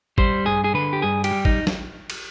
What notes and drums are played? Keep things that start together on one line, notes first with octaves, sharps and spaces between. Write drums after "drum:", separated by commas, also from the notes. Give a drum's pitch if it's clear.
G3 C5, drum: kick G#1
G2 G#4
G#4
D3 B4
G4
G2 G#4
G4, drum: cymbal
G3
D#4, drum: kick G#1
drum: snare
drum: cymbal